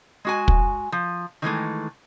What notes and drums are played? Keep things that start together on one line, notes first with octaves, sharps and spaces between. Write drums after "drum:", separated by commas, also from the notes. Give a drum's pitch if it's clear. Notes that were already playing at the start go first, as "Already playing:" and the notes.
G#3 F#4 G#5
drum: kick
F3
D#3 E3 G#3 A3